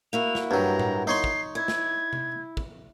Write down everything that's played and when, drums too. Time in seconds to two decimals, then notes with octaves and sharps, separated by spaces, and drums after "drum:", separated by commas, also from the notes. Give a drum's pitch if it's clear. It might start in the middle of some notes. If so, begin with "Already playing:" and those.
0.13 A#3 E4 F#4 F7
0.35 drum: snare
0.51 G2 F#3 A#5
0.79 drum: tom A2
1.07 D#4 C#5 C6 C7
1.24 drum: kick
1.55 E4 G#6
1.68 drum: snare
2.13 drum: tom C3
2.57 drum: kick